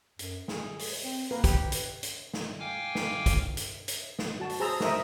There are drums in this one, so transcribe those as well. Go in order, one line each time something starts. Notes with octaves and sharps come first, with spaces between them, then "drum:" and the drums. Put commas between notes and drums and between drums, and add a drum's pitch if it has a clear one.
F#2, drum: hi-hat
G#4, drum: snare
drum: open hi-hat
C4
A#3 B4
G4, drum: kick, hi-hat
drum: hi-hat
drum: hi-hat
drum: snare
F5 G5 G#5 D6 F6
drum: snare
drum: kick, hi-hat
drum: hi-hat
drum: hi-hat
drum: snare
F#4 A5
drum: open hi-hat
G#4 C5 A5 A#5 E6
A#4 C5 D#5 E5, drum: snare